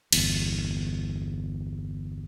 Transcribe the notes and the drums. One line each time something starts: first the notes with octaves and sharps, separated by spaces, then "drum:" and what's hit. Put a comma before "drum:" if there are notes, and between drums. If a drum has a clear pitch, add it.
G1 E2, drum: cymbal